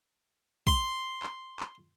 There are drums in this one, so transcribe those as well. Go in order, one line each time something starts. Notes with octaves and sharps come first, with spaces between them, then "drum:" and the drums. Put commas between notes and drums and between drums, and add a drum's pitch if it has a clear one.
C6, drum: kick
drum: clap
drum: clap